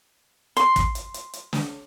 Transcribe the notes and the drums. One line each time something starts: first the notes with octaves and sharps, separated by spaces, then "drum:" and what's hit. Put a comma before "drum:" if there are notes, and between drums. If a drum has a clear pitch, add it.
C6, drum: hi-hat
drum: kick, hi-hat
drum: hi-hat
drum: hi-hat
drum: hi-hat
drum: snare